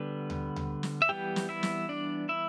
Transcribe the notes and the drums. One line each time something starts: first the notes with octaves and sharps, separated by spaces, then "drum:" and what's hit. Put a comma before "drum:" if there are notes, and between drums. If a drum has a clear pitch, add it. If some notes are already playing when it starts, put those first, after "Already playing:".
Already playing: D3 G3 B3 B4
drum: tom D2
drum: tom D2
drum: snare
E5
E3 G3 B3 G4 G5
drum: snare
E4 E5
drum: snare
D4 D5
E4 E5